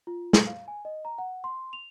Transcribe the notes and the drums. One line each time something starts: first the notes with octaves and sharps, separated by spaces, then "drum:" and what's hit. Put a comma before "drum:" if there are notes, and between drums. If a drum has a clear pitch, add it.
F4
F#7, drum: snare
F5
G#5
D#5
A#5
F#5
C6
F7